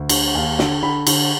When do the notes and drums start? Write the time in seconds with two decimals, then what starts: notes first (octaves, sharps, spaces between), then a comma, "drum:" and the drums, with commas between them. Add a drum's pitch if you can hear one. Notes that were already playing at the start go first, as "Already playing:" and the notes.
Already playing: D2
0.09 D3, drum: cymbal
0.35 D#2
0.59 D3, drum: snare
0.83 D3 B5
1.07 D3, drum: cymbal